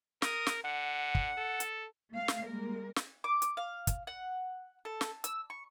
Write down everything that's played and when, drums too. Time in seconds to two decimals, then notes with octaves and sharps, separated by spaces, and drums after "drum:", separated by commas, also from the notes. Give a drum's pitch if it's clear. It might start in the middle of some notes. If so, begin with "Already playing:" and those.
0.22 A#4 D#6, drum: snare
0.47 drum: snare
0.64 D3 F#5
1.15 drum: kick
1.37 A4
1.60 drum: hi-hat
2.12 A3 F5
2.28 drum: snare
2.46 G3 G#3 A#3 A#4
2.96 drum: snare
3.24 D6
3.42 drum: hi-hat
3.57 F5
3.87 drum: kick, hi-hat
4.07 F#5
4.85 A4
5.01 drum: snare
5.24 E6, drum: hi-hat
5.50 C#6